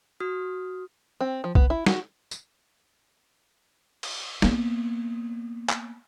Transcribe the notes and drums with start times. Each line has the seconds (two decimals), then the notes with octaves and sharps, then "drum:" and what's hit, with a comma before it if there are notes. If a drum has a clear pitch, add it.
0.20 F#4 D#6 F6
1.21 C4
1.44 F3
1.55 B3, drum: kick C2
1.70 E4
1.86 F#4, drum: snare
2.31 drum: tambourine
4.03 drum: cymbal
4.42 A#3 B3, drum: snare
5.69 drum: clap